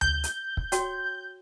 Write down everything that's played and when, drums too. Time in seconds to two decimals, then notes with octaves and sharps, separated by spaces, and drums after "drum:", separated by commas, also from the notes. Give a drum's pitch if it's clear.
0.01 G6, drum: tom D2
0.24 drum: hi-hat
0.57 drum: kick
0.72 F#4 C#5 G5, drum: hi-hat